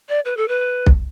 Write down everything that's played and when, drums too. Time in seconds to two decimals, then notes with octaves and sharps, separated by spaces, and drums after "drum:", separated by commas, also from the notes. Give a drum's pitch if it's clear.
0.09 D5
0.25 B4
0.37 A4
0.48 B4
0.86 drum: kick B1